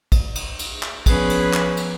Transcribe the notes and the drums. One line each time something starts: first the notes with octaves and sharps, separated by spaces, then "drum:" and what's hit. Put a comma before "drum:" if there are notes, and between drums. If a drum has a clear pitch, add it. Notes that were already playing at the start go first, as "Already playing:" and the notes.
drum: kick, cymbal
drum: cymbal
drum: cymbal
drum: clap
F3 B3 C#4 G#4 B4, drum: kick, cymbal
drum: cymbal
drum: clap
drum: cymbal